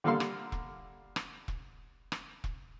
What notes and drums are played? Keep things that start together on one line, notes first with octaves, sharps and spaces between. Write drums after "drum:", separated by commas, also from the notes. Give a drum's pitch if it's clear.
D3 G3 A#3 A4 F5 C6
drum: rim click
drum: kick E1
drum: rim click
drum: kick E1
drum: rim click
drum: kick E1